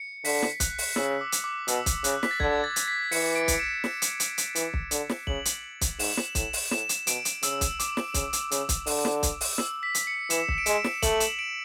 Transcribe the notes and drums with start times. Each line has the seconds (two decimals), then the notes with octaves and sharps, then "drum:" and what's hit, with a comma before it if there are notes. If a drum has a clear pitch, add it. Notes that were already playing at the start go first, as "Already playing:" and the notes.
Already playing: C#7
0.25 D3 B6, drum: open hi-hat
0.42 drum: snare
0.60 F#6, drum: kick, hi-hat
0.78 drum: open hi-hat
0.96 C#3 E6, drum: snare
1.21 D6
1.32 drum: hi-hat
1.44 D6
1.68 B2 E6, drum: hi-hat
1.86 drum: kick, hi-hat
2.04 C#3 F#6, drum: hi-hat
2.23 B6, drum: snare
2.31 A6
2.40 D3 G#6, drum: kick
2.64 A6
2.76 drum: hi-hat
2.88 B6
3.12 E3 C#7, drum: open hi-hat
3.35 D7
3.48 drum: kick, hi-hat
3.59 E7
3.84 drum: snare
4.02 drum: hi-hat
4.20 drum: hi-hat
4.38 drum: hi-hat
4.55 E3, drum: hi-hat
4.74 drum: kick
4.91 D3, drum: hi-hat
5.10 drum: snare
5.27 C#3 F#7, drum: kick
5.45 drum: hi-hat
5.81 drum: kick, hi-hat
5.99 G#2 E7, drum: open hi-hat
6.17 drum: snare
6.35 A2 E7, drum: kick, hi-hat
6.53 drum: open hi-hat
6.71 A2 E7, drum: snare
6.89 drum: hi-hat
7.07 B2 D7, drum: hi-hat
7.25 drum: hi-hat
7.43 C#3 E6, drum: hi-hat
7.61 drum: kick, hi-hat
7.79 D6, drum: hi-hat
7.97 drum: snare
8.14 C#3, drum: kick, hi-hat
8.33 drum: hi-hat
8.51 C#3, drum: hi-hat
8.69 drum: kick, hi-hat
8.86 D3, drum: open hi-hat
9.05 drum: snare
9.23 drum: kick, hi-hat
9.41 drum: open hi-hat
9.58 E6, drum: snare
9.83 B6
9.95 drum: hi-hat
10.07 C#7
10.30 E3 E7, drum: hi-hat
10.48 drum: kick
10.58 D7
10.66 G#3 E7, drum: hi-hat
10.84 drum: snare
11.02 A3 F#7, drum: kick, hi-hat
11.20 E7, drum: hi-hat
11.39 D7